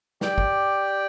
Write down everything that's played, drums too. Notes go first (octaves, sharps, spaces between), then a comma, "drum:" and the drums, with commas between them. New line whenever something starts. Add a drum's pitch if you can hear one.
G4 D5 G5, drum: snare
drum: kick